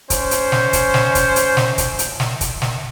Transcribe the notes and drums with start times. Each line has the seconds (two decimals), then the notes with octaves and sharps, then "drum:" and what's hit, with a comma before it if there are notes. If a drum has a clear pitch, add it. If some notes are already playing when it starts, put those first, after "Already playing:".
0.10 C#4 C5, drum: kick, hi-hat
0.31 drum: hi-hat
0.52 drum: snare
0.73 drum: kick, hi-hat
0.94 drum: snare
1.15 drum: kick, hi-hat
1.36 drum: hi-hat
1.57 drum: snare
1.78 drum: kick, hi-hat
1.99 drum: hi-hat
2.20 drum: snare
2.41 drum: kick, hi-hat
2.62 drum: snare